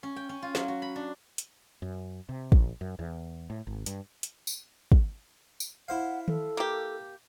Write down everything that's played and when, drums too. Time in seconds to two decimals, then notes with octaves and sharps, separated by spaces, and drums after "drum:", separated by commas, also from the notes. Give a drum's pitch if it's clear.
0.03 C#4
0.16 G5
0.29 C#4
0.42 F4
0.55 F#3, drum: snare
0.68 F#4
0.82 B5
0.96 D4
1.38 drum: hi-hat
1.82 F#2
2.29 C3
2.52 A#1, drum: kick
2.81 F#2
2.99 E2
3.50 A2
3.67 G#1
3.86 G2, drum: hi-hat
4.23 drum: hi-hat
4.47 drum: tambourine
4.92 drum: kick
5.60 drum: tambourine
5.88 E4 C5 F5 F#5
6.28 A4, drum: tom D#3
6.57 A#3 G4